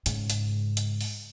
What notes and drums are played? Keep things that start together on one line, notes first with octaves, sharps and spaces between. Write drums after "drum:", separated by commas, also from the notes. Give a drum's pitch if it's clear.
G#2 C#3, drum: hi-hat
drum: hi-hat
drum: hi-hat
drum: open hi-hat